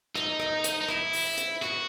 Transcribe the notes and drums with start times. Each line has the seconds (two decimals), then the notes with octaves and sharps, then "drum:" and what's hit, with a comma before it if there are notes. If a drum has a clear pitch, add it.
0.15 D#4, drum: rim click
0.40 drum: rim click
0.64 drum: hi-hat
0.81 D#4
0.89 E4, drum: rim click
1.13 drum: open hi-hat
1.38 drum: hi-hat
1.62 F#4, drum: rim click